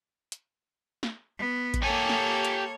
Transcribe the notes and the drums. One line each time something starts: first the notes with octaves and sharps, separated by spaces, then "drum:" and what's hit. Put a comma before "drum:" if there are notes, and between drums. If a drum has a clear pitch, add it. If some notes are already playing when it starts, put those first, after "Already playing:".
drum: hi-hat
drum: snare
B3
drum: kick A1, hi-hat
A#3 G4 A4 C#5 G#5
drum: snare
drum: hi-hat